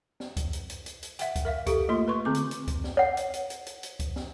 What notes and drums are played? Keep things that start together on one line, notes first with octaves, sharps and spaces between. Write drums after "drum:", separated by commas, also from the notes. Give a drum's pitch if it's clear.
drum: snare
drum: kick C#2, hi-hat
drum: hi-hat
drum: hi-hat
drum: hi-hat
drum: hi-hat
E5 F#5 G5, drum: hi-hat
drum: kick C#2, hi-hat
A#4 E5 F5
G4 A4, drum: kick C#2, hi-hat
A3 A#3 F4 C6
B4 C6 C#6
D3 C4 D6
drum: hi-hat
drum: hi-hat
drum: kick C#2, hi-hat
drum: snare
C#5 F#5
drum: hi-hat
drum: hi-hat
drum: hi-hat
drum: hi-hat
drum: hi-hat
drum: kick C#2, hi-hat
drum: snare